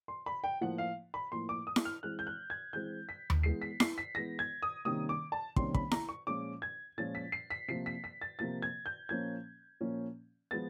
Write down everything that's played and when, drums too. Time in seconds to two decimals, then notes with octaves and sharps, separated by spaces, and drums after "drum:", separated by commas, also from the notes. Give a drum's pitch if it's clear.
0.08 C6
0.26 B5
0.44 G5
0.61 A2 F3 A#3 F#5
0.78 F5
1.14 B5
1.32 A2 F3 A#3 C6
1.49 D6
1.67 D#6
1.76 drum: snare E4
1.85 F6
2.03 E3 G#3 C4 F#6
2.19 G6
2.27 F#6
2.50 G#6
2.73 E3 G#3 C4 G6
3.09 B6
3.30 drum: tom D#2
3.43 E3 G#3 B3 C7
3.62 B6
3.80 C7, drum: snare E4
3.98 B6
4.14 E3 G#3 B3 A#6
4.39 G#6
4.63 D#6
4.85 C3 D#3 G3 A#3 C#4 D#6
5.09 D6
5.32 A5
5.56 C3 D#3 G3 A#3 C#4 C6, drum: kick
5.74 B5, drum: kick
5.91 A#5, drum: snare E4
6.09 C#6
6.27 A#2 F3 G#3 C#4 D6
6.62 G#6
6.98 A#2 F3 G#3 C#4 A6
7.15 B6
7.32 C7
7.50 B6
7.68 C3 F3 A#3 C7
7.86 B6
8.04 B6
8.22 A6
8.39 C3 F3 A#3 A6
8.62 G#6
8.86 G6
9.09 A#2 F3 A#3 C#4 G#6
9.81 A#2 F3 A#3 C#4
10.51 F3 G#3 B3 A6